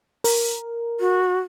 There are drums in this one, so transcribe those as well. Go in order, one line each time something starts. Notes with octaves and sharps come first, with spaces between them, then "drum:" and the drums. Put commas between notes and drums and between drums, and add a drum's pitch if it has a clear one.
A#4, drum: open hi-hat
F#4